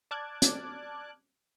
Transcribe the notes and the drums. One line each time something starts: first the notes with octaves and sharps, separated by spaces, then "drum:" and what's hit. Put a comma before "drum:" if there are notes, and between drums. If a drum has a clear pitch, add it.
D5 A5 D6 F6 F#6 G#6
drum: hi-hat